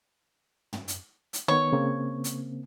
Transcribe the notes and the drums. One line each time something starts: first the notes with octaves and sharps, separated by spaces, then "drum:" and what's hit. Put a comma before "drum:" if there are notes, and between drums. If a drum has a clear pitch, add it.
drum: tom
drum: hi-hat
drum: hi-hat
D#3 B3 C#5
C#3 A#3 C4
drum: hi-hat